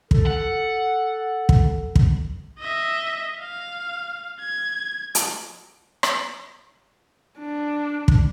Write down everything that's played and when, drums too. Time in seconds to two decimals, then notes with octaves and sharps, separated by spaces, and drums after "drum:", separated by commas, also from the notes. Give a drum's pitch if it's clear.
0.11 A4, drum: kick
0.26 F#5
1.49 drum: kick
1.95 drum: kick
2.59 D#5 E5
3.40 F5
4.40 G#6
5.15 drum: hi-hat
6.03 drum: rim click
7.39 D4
8.08 drum: kick